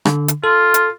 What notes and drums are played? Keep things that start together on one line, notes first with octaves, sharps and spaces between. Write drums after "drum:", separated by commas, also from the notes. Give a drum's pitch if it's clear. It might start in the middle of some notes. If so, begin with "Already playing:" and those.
D3, drum: rim click
drum: hi-hat
F4 A4
drum: hi-hat